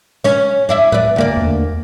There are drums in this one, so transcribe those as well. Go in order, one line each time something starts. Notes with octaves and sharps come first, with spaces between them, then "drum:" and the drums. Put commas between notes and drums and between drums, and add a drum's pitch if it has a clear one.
C#4 C#5
D4 E4 E5
B4 D5, drum: tom A2
D2 A#3 D5
drum: tom E2